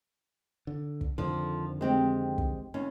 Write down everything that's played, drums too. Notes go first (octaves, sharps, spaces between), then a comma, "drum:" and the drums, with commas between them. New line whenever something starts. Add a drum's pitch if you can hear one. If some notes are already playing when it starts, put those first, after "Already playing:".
D3
drum: kick
F2 D3 D#3 F3
G#3 C4 G4
drum: kick
D#2 C#4